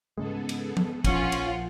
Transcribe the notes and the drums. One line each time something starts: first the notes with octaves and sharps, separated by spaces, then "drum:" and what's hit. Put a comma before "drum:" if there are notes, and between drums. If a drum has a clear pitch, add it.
G#2 C#3 G#3 B3 G#4 A4
drum: cymbal
drum: tom
A#1 F3 C#4 F4 F#5, drum: kick, cymbal
drum: cymbal